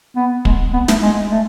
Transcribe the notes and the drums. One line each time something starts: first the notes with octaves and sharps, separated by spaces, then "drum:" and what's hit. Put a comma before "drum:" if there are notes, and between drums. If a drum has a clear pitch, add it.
B3
G#3, drum: kick
B3
A3, drum: snare
G#3
A3